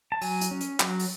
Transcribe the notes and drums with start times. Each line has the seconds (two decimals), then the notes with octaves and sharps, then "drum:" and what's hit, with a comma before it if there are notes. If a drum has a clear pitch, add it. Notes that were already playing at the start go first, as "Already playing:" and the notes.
0.12 A5
0.21 F#3 G#5, drum: open hi-hat
0.41 drum: hi-hat
0.51 C#4
0.61 drum: hi-hat
0.80 F#3, drum: clap
0.99 drum: open hi-hat